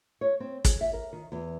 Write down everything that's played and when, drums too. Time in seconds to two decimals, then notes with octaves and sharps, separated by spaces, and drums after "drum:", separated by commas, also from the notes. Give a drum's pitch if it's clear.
0.21 C#5
0.40 C4
0.65 G#4, drum: kick, hi-hat
0.81 E5
0.93 A#4
1.13 D#3
1.32 E2